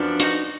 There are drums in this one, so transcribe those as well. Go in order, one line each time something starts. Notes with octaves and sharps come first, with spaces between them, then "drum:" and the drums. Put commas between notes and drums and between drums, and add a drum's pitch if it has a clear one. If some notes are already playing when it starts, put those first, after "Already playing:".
Already playing: F#2 F3 B3 D4
D#4 F#4, drum: hi-hat